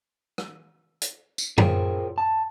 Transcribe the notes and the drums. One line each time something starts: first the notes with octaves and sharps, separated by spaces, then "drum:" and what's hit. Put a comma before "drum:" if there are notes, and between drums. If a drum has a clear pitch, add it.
drum: rim click
drum: hi-hat
drum: tambourine
F4 G#4 A#4 C5 C#5 G5, drum: tom F#2
A5